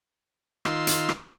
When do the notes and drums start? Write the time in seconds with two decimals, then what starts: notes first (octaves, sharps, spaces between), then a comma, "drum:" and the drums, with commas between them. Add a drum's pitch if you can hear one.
0.65 D#3 F4 C6 E6, drum: rim click
0.87 drum: hi-hat
1.09 drum: rim click